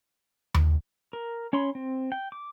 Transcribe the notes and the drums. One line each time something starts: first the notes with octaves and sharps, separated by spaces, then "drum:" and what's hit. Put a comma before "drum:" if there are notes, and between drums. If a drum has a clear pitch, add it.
drum: tom D#2
A#4
C#4 C#5 B5 C6
C4
G5
D6